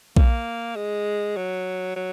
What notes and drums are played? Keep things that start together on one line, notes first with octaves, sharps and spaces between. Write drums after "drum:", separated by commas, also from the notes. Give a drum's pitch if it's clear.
A#3, drum: kick A#1
G#3
F#3
F#3